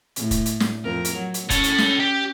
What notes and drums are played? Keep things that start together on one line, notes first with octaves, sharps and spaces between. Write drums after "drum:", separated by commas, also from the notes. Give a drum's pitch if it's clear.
A2, drum: hi-hat
drum: kick, hi-hat
drum: hi-hat
drum: snare
F2 A#4
drum: hi-hat
F#3
drum: hi-hat
C#4 A4 C#5, drum: kick, hi-hat
drum: hi-hat
drum: snare
G4